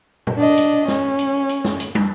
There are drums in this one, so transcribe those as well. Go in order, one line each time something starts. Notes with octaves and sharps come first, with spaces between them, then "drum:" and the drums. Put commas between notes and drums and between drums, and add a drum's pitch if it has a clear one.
drum: tom A#2
D4 D#5
drum: hi-hat
C#4, drum: snare
drum: hi-hat
drum: hi-hat
drum: snare
drum: hi-hat
drum: tom